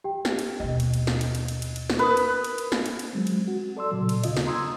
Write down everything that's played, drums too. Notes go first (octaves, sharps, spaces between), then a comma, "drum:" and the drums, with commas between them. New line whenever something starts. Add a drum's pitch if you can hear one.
G4 G5
drum: snare
drum: cymbal
D#2 B2 D#5
drum: cymbal
drum: cymbal
drum: snare
drum: cymbal
drum: cymbal
drum: cymbal
drum: cymbal
drum: cymbal
drum: snare
A#4 B4 D#6
drum: cymbal
drum: cymbal
drum: cymbal
drum: snare
drum: cymbal
drum: cymbal
F#3 G#3 C4
drum: cymbal
F#4
A4 D5 C6 E6
A#2 C#3 F#3
drum: cymbal
D#2 C#3 F4 D#5, drum: cymbal
drum: snare
D#5 A#5 C6 D#6 E6 G#6